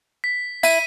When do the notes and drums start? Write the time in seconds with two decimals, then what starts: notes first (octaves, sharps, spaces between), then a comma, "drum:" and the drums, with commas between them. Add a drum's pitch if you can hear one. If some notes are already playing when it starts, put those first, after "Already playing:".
0.24 B6
0.63 E4 B6 D#7, drum: tambourine